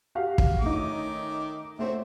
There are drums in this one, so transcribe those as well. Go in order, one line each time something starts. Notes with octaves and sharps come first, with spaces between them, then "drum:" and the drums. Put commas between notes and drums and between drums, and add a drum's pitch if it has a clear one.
F#4 G4 F5
drum: kick
D#3 A3 C#4 D#4 D6
A3 C4 F#4 C5 C#5 E5